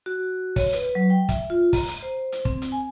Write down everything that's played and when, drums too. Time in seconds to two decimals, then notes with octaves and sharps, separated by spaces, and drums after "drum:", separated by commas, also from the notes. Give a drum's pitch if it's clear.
0.06 F#4
0.56 C#5, drum: kick, open hi-hat
0.73 B4, drum: hi-hat
0.95 F#3
1.10 G5
1.29 E5, drum: kick, hi-hat
1.50 F4
1.73 A#5, drum: kick, open hi-hat
1.88 drum: hi-hat
2.03 C5
2.32 drum: hi-hat
2.45 C4, drum: kick
2.62 drum: hi-hat
2.72 G#5